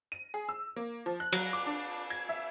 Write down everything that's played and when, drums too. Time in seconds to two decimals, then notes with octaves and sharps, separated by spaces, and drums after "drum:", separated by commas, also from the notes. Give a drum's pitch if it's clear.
0.12 D#7
0.34 G#4
0.49 E6
0.76 A#3
1.06 F3
1.20 F#6
1.32 F#3, drum: cymbal
1.53 D6
1.66 D4
2.10 G#6
2.29 E5